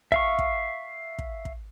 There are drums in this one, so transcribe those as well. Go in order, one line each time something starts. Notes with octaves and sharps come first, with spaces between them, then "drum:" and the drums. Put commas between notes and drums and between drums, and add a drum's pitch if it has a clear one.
E5 F5 C#6, drum: kick
drum: kick
drum: kick
drum: kick